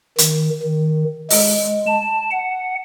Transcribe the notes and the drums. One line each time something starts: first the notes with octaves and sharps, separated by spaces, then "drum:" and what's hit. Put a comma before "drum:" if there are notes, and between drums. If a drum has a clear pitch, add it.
D#3, drum: hi-hat
D#3
G#3, drum: open hi-hat
A5
F#5